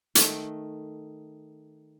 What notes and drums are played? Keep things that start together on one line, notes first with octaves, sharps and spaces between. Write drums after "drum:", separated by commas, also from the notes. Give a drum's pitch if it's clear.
D#3 A3, drum: hi-hat